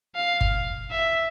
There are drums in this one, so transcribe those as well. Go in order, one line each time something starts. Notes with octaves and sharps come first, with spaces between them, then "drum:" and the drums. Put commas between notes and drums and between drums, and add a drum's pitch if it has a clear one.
F5
drum: kick G1
E5